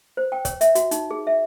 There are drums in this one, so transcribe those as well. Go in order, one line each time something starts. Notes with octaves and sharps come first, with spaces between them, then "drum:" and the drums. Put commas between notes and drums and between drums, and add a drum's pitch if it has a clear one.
C5
G5
C#5, drum: kick, hi-hat
E5, drum: hi-hat
F#4, drum: hi-hat
D#4, drum: hi-hat
G#4
E5